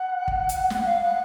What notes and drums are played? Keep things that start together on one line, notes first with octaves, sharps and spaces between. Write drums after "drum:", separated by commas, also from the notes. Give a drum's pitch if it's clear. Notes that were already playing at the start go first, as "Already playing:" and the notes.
Already playing: F#5
drum: kick
drum: hi-hat
F#5, drum: snare
F5
F#5